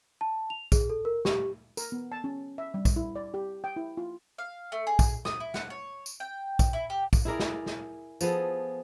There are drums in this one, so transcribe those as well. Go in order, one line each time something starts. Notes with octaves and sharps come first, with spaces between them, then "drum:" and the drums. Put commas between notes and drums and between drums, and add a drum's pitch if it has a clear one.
A5
F7
G#4, drum: kick, tambourine
A4
A#4
G4, drum: snare
A#4, drum: tambourine
B3
A5
C#4
E5
G3
drum: kick, tambourine
E4
D5
G4
G5
E4
F4
F5
A3
G#4
drum: kick, tambourine
D#6, drum: snare
E4
F#5, drum: snare
C#5
drum: tambourine
G5
drum: kick, tambourine
E4
G4
drum: kick, tambourine
E4 G#4 A#4 D5
drum: snare
drum: snare
F3 B3 G#4 A4, drum: tambourine